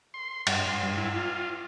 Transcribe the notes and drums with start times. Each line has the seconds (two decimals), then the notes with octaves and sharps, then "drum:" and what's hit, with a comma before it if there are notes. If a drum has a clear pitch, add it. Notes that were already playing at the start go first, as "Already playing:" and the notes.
0.14 C6
0.47 G2, drum: cymbal
0.69 C6
0.83 G2
0.97 E4
1.16 F4